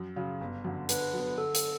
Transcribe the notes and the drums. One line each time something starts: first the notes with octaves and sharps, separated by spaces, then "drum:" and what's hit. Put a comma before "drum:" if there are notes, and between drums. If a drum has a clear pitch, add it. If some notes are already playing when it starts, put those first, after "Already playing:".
Already playing: F#2
C#3 F#3
G1
F#2 D3
D3 B4, drum: hi-hat
F#3 B3
D3 A4
drum: hi-hat